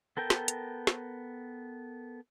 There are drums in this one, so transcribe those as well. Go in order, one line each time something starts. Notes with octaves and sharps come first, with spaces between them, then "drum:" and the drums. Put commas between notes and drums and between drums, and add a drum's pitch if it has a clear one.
B3 A4 A#4 G5
drum: snare
drum: hi-hat
drum: snare